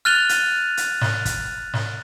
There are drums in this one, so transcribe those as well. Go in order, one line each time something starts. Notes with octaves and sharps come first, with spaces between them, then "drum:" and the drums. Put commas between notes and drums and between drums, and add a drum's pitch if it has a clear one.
F6 F#6 A6 D#7 F7 G7
drum: hi-hat
drum: hi-hat
drum: snare
drum: kick, hi-hat
drum: snare